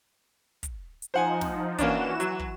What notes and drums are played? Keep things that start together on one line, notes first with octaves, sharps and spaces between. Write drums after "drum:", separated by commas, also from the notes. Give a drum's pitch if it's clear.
drum: kick, hi-hat
drum: hi-hat
F3 D#4 C5 F#5 G#5
drum: snare
E3 A#3 C#4 D4 F#4 E7, drum: kick, hi-hat
F#3, drum: hi-hat
drum: kick